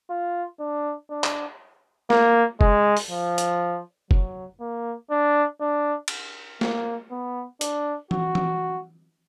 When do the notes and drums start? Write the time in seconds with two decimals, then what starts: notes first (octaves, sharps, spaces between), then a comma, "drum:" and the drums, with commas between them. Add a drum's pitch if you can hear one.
0.10 F4
0.60 D4
1.10 D4
1.24 drum: clap
2.10 A#3, drum: snare
2.61 G#3, drum: kick F#1
2.97 drum: open hi-hat
3.11 F3
3.38 drum: hi-hat
4.11 F#3, drum: kick F#1
4.61 A#3
5.11 D4
5.61 D4
6.08 drum: cymbal
6.61 A#3, drum: snare
7.11 B3
7.61 D4, drum: hi-hat
8.11 F#4, drum: tom E3
8.35 drum: tom E3